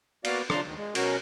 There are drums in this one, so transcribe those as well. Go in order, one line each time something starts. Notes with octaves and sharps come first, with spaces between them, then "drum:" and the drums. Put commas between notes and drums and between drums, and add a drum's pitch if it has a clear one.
A#3 B3 F#4 D5 F5, drum: cymbal
C#3 F3 D4 A5 A#5 C6, drum: rim click
D2 D#3
G#3
B2 F#3 C#4 F#4 A#4, drum: cymbal